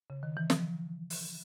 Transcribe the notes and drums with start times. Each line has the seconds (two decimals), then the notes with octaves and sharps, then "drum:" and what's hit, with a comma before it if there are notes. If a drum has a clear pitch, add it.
0.10 C#3
0.23 D#3
0.37 E3
0.50 F3, drum: snare
1.10 drum: open hi-hat